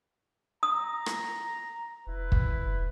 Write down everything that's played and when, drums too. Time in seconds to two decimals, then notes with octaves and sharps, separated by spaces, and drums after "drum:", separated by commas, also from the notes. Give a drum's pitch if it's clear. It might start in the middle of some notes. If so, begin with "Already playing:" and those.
0.63 A#5 D#6
1.06 drum: rim click
2.07 F1 E4 B4
2.32 drum: kick